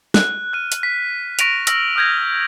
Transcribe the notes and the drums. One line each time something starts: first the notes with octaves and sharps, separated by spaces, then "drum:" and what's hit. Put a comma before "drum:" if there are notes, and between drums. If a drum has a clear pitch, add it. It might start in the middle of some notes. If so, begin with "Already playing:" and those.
F#6, drum: snare
F6 F#6 D#7
drum: hi-hat
B6
C#6 A#6 B6 D7 D#7 F7, drum: hi-hat
E6 F6 A#6 F#7, drum: hi-hat
D#6 F6 G6 G#6 A#6